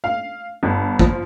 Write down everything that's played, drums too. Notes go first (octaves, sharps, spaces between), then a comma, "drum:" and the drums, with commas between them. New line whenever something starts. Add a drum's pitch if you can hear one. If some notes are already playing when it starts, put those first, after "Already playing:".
F5
G1
F3, drum: kick